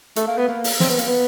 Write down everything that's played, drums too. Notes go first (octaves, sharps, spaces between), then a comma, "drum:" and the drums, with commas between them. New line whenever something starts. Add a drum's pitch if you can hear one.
A3, drum: hi-hat
A#3
B3
A#3
drum: open hi-hat
C4, drum: snare
B3
A#3, drum: hi-hat
B3